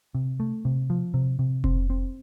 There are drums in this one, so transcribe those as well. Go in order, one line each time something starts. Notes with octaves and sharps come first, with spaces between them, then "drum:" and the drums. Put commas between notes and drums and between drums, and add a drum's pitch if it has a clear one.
C3
A3
C3
F3
C3
C3
C4, drum: kick F1
C4